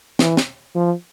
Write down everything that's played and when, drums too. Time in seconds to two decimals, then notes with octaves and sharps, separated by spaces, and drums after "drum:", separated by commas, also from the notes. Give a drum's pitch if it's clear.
0.19 E3, drum: snare
0.37 drum: snare
0.75 F3